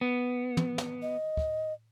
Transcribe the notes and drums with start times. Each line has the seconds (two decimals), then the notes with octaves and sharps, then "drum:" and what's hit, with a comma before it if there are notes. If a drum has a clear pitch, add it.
0.01 B3
0.57 drum: tom
0.78 drum: snare
1.02 D#5
1.37 drum: kick